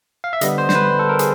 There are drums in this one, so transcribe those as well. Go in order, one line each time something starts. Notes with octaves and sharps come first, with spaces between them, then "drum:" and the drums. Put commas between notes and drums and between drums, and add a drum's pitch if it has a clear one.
F5
E5
D3 G3 B3 D#5, drum: hi-hat
C5
C5, drum: snare
B4
A4
A#4
G#4, drum: hi-hat